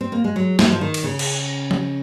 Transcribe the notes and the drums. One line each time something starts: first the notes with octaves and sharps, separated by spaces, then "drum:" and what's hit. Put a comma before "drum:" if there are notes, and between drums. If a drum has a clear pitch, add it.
C4
A#3
G#3
F#3
F3, drum: snare
F#3
F3
D#3
drum: cymbal
C#3
drum: cymbal
drum: tom F3